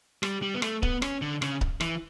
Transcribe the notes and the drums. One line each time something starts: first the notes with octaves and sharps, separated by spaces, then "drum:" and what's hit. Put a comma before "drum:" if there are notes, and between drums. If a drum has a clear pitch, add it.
G3, drum: rim click
G3
B3
A3, drum: rim click
B3, drum: kick C#1
C#4, drum: rim click
D3
C#3, drum: rim click
drum: kick C#1
E3, drum: rim click